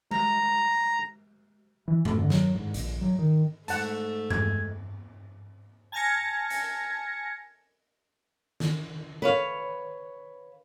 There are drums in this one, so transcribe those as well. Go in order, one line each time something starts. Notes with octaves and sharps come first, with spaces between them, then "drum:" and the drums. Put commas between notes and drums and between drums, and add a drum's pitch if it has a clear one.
A#5, drum: tom G#3
E3
A3, drum: tom G2
D3
F#3, drum: snare
G#2
A#1, drum: hi-hat
F#3
D#3
G#2 A3 F#5 A5, drum: hi-hat
G#3 G#6, drum: tom G2
G#5 A5 F6 G#6 A#6 C#7
drum: hi-hat
drum: snare
B4 C#5 F5